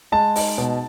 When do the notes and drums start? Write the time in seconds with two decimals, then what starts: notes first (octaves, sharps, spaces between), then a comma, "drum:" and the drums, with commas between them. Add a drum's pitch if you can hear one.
0.12 G#3 A5
0.36 D#4, drum: open hi-hat
0.58 B2